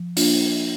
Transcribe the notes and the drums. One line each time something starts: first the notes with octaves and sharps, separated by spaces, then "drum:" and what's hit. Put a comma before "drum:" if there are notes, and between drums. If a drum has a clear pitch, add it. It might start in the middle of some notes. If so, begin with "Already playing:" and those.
Already playing: F3
A#3 D4 F4, drum: open hi-hat